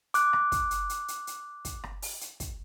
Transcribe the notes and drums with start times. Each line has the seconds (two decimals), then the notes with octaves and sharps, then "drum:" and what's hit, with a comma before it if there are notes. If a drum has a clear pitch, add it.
0.14 D6 F#6, drum: hi-hat
0.33 drum: rim click
0.52 drum: kick, hi-hat
0.71 drum: hi-hat
0.89 drum: hi-hat
1.08 drum: hi-hat
1.27 drum: hi-hat
1.65 drum: kick, hi-hat
1.84 drum: rim click
2.02 drum: open hi-hat
2.21 drum: hi-hat
2.40 drum: kick, hi-hat